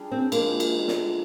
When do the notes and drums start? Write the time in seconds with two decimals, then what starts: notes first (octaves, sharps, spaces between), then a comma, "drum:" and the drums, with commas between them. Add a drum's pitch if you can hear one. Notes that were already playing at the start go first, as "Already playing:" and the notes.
Already playing: G3 D4 G#4
0.12 C4
0.32 F3 G#3 A#3 D#4, drum: cymbal
0.60 drum: cymbal
0.73 D3 F3 A#3 D4
0.88 drum: snare